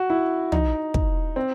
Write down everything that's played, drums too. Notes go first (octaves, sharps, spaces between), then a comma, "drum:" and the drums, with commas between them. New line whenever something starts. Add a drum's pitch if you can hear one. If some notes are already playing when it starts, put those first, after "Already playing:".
Already playing: F#4
E4
D#4, drum: tom
drum: kick
C4